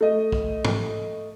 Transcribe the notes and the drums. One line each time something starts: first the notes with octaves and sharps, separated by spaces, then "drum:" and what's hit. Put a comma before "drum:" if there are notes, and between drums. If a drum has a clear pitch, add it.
A3 D#5
drum: kick
drum: tom